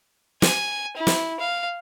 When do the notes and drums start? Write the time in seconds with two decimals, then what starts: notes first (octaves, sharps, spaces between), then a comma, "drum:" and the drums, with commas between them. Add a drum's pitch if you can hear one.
0.42 G#5, drum: snare
0.97 E4
1.07 drum: snare
1.40 F5